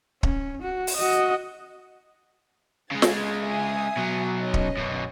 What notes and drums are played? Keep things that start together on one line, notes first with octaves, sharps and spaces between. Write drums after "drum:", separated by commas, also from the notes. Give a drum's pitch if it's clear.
C#4, drum: kick
F#4
drum: open hi-hat
F#4 D#5
C#3 G#3 G#5 G#6 A6
drum: snare
E5 G#5 D#6
B2 F#3
C#4 D#5
drum: kick
F#2 B2